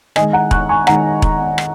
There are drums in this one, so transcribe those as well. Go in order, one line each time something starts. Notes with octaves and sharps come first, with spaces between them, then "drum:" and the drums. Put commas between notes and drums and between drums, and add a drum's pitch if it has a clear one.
D#3 G#3 D#5 G#5, drum: rim click
F#5 A#5
C#6 F#6, drum: kick E1
G#5 C#6
D#3 G#3 F#5 A#5, drum: rim click
drum: kick E1
drum: rim click